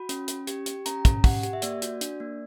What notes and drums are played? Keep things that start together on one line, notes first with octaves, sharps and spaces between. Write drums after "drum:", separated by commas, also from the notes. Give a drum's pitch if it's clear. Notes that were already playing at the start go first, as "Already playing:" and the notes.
Already playing: F#4 B5
C#4, drum: hi-hat
C#4, drum: hi-hat
G4, drum: hi-hat
G4, drum: hi-hat
C#4 A#5, drum: hi-hat
C#4, drum: kick, hi-hat
G4 F#5, drum: kick, open hi-hat
G4, drum: hi-hat
E5
A#3 D5, drum: hi-hat
F#4, drum: hi-hat
D4, drum: hi-hat
A#3